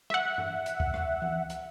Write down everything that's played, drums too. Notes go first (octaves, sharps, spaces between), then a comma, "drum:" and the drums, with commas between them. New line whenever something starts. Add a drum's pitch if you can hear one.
E5 F#5, drum: rim click
drum: tom G2
drum: hi-hat
drum: kick C#2
drum: rim click
drum: tom E3
drum: hi-hat